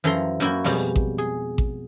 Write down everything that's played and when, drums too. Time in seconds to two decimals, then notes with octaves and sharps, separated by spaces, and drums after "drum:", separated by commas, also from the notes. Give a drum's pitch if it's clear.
0.04 F#2 E3 F3 A4 A#5 C6
0.40 F#2 A#3 E4 F#4 G5
0.64 F2 B2 G3 G#3, drum: open hi-hat
0.96 drum: kick A1
1.18 G#4
1.58 drum: kick A1